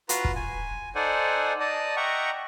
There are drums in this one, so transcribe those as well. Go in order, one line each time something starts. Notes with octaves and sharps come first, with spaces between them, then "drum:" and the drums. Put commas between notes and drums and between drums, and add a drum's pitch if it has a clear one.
F4 F#4 B4 A#5 C6, drum: hi-hat
drum: kick
G#5
D#4 A4 C5 D5 F#5 G#5
D5 D#5 A5 D#6
D#5 E5 F#5 G5 A#5 C#6